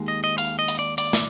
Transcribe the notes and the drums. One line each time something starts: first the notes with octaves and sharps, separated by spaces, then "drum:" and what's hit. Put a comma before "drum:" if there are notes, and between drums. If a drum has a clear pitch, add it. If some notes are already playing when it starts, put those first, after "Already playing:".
Already playing: D#2 G#3
D#5
D#5
F5, drum: hi-hat
D#5
drum: hi-hat
D5
D5, drum: hi-hat
drum: snare